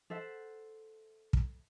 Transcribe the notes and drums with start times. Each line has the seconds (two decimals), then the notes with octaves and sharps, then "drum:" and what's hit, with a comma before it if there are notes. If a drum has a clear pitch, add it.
0.10 A4 C5 E5 F#5
1.33 drum: kick